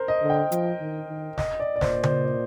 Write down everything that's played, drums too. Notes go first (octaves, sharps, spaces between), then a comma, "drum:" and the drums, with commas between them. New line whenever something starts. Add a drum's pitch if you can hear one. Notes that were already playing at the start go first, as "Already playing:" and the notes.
Already playing: A#4 C5
D#5
D3
G5
F3, drum: hi-hat
D#3
D#3
D#5, drum: snare
D5
D5
A#2 C5, drum: snare
C5, drum: tom C#3
D5